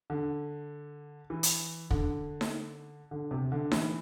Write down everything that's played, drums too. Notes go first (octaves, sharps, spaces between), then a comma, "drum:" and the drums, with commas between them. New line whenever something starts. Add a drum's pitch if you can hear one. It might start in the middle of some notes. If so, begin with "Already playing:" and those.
D3
E3
drum: hi-hat
D3, drum: kick
drum: snare D#4
D3
C3
D3
E3, drum: snare D#4